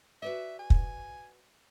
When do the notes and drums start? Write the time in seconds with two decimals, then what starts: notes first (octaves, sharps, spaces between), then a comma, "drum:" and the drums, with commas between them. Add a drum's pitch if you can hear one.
0.22 F#4 B4 D5 E5
0.59 G#5
0.70 drum: kick